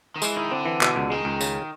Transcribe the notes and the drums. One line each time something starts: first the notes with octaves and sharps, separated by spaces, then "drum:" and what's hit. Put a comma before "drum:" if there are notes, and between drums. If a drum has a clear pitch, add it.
D#3
E3 G#3, drum: tambourine
D#3 E4
D3 C4
E3
B2, drum: clap
C#2
D#3 G#3
C#2
C#3, drum: tambourine